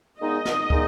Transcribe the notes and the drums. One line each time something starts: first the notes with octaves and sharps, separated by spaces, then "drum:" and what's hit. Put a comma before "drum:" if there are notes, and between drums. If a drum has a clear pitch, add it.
A#2 G#3 B3 D#4 D#5
drum: snare
A#2 G#3 B3 D#4, drum: kick